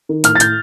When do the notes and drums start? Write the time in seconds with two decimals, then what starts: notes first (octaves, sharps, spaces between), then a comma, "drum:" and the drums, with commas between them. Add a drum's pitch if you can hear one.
0.09 D#3
0.24 A2 F6, drum: hi-hat
0.35 A6
0.40 A2 G6, drum: hi-hat